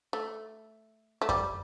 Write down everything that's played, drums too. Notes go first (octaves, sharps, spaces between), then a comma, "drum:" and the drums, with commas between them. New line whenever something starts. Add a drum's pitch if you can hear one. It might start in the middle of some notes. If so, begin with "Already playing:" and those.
A3
A3
G3, drum: kick F#2